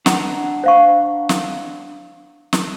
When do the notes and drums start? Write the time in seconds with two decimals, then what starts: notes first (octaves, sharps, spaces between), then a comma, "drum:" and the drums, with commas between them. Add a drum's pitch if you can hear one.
0.06 D4 F#5 A#5, drum: snare
0.64 C5 F5 C#6
1.29 drum: snare
2.53 drum: snare